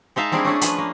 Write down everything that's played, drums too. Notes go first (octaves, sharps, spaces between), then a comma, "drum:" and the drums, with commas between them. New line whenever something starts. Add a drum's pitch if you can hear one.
G#3 D#4 E5 F5 A5
G3 A#3 C4 D4 E4 G#4
A3 C#4 D4 G#4
F3 B4, drum: hi-hat
A#3